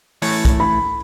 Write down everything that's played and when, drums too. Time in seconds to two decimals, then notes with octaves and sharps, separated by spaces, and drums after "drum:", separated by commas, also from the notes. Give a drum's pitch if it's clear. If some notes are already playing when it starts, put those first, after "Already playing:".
0.22 E3 A3 C#5, drum: open hi-hat
0.45 drum: kick B1, hi-hat
0.60 B5